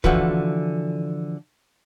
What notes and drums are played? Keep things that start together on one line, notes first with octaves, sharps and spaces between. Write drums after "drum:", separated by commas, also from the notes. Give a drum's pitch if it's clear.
D3 E3 F3 F#4 B4, drum: kick